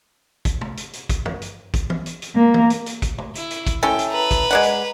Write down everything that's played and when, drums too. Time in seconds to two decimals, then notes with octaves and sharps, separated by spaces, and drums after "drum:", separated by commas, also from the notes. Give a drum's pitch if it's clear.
0.45 drum: kick, hi-hat
0.61 drum: tom
0.77 drum: hi-hat
0.93 drum: hi-hat
1.09 drum: kick, hi-hat
1.26 drum: tom
1.42 drum: hi-hat
1.74 drum: kick, hi-hat
1.90 drum: tom
2.06 drum: hi-hat
2.22 drum: hi-hat
2.35 A#3
2.54 drum: tom
2.70 drum: hi-hat
2.86 drum: hi-hat
3.02 drum: kick, hi-hat
3.18 drum: tom
3.35 E4, drum: hi-hat
3.50 drum: hi-hat
3.67 drum: kick, hi-hat
3.83 C#4 E4 A4 G5, drum: tom
3.99 drum: hi-hat
4.11 B4 A#5
4.31 drum: kick, hi-hat
4.51 G#3 D5 F#5
4.63 drum: hi-hat